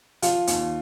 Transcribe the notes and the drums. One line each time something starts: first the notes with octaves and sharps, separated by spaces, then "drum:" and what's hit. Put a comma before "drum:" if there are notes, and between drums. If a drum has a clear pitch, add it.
F3 F4, drum: hi-hat
D#2, drum: hi-hat